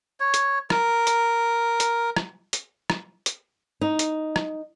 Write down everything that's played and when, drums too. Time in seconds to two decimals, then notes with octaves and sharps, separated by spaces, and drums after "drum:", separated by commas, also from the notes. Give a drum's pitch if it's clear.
0.20 C#5
0.34 drum: hi-hat
0.70 A#4, drum: rim click
1.07 drum: hi-hat
1.80 drum: hi-hat
2.16 drum: rim click
2.53 drum: hi-hat
2.90 drum: rim click
3.26 drum: hi-hat
3.81 D#4
3.99 drum: hi-hat
4.36 drum: rim click